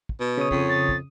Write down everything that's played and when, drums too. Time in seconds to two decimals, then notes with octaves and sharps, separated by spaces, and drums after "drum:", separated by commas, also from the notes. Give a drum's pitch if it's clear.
0.09 drum: kick
0.20 B2
0.38 C#3 C#5 D#6
0.51 F2, drum: kick
0.69 A6
0.89 drum: kick